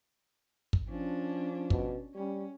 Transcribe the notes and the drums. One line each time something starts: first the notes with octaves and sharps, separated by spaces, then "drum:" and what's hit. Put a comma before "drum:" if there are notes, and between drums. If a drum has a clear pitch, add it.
drum: kick
F3 C#4 D4
B2, drum: kick
G3 C#4